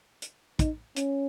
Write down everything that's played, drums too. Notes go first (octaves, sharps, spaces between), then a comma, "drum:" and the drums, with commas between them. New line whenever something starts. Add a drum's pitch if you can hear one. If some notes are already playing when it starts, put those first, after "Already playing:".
drum: hi-hat
D#4, drum: kick, hi-hat
C#4, drum: hi-hat